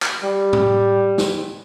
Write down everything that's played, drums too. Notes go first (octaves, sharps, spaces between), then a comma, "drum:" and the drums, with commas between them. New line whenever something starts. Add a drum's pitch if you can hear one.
drum: clap
G3
drum: tom A2
drum: snare